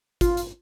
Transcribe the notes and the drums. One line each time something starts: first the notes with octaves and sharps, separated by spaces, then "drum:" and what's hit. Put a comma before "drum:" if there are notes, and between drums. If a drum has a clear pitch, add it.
F4, drum: kick, hi-hat
drum: hi-hat